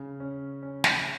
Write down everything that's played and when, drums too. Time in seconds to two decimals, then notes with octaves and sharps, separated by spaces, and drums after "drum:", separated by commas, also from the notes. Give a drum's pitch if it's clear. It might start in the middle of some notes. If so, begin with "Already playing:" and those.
Already playing: C#3
0.20 C#4
0.63 C#4
0.84 drum: snare